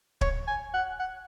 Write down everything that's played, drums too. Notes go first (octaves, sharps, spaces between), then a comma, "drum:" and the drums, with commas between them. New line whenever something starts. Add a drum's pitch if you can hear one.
C#5, drum: kick
G#5
F#5
F#5